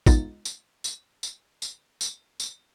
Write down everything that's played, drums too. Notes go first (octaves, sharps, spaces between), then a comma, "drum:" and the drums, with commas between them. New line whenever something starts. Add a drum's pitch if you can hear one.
G#3 B3 D#4 F4 D#5 A6, drum: kick, tambourine
drum: tambourine
drum: tambourine
drum: tambourine
drum: tambourine
drum: tambourine
drum: tambourine